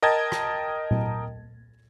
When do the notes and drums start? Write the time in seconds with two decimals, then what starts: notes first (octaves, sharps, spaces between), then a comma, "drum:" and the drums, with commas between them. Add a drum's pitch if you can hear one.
0.02 A#4 D#5 G5 A5 G#6 A6
0.32 drum: rim click
0.91 drum: tom A#2